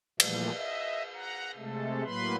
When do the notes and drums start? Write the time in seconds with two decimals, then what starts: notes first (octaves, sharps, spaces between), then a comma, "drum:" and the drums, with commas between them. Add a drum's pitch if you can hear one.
0.20 A#2 E3 F3 G3 A3, drum: cymbal
0.56 D#5 E5
1.14 F#5 A#5
1.57 C3 G#3 A3 A4
2.05 A2 F#3 A#3 B4 B5 C6